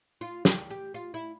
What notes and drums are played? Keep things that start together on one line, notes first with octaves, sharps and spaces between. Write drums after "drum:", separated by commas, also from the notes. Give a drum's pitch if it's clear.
F4
G4, drum: snare
G4
F4
E4